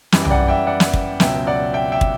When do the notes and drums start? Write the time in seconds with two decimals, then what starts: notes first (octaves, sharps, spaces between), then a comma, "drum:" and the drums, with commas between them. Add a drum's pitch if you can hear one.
0.12 F#2 E3 G3, drum: snare
0.25 G5, drum: tom
0.30 D5 F#5
0.48 E5 G5
0.67 D5 F#5
0.80 drum: snare
0.93 drum: kick
1.20 C#2 B2 F#3 E5 G5, drum: snare
1.47 D5 F#5
1.74 E5 G5
1.92 E5 G5
2.01 drum: kick